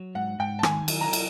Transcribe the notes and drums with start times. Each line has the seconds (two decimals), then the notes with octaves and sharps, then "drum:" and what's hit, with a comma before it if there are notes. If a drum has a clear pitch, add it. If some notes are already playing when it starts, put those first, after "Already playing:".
Already playing: F#3
0.15 G#2 F#5
0.39 G#2 G5
0.59 A5
0.63 D#3 G#5, drum: rim click
0.88 F#3, drum: cymbal
1.01 A#5
1.13 drum: cymbal